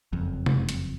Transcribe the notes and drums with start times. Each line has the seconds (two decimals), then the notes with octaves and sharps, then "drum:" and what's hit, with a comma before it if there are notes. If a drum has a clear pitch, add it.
0.13 F#1 F2
0.46 drum: tom
0.69 drum: hi-hat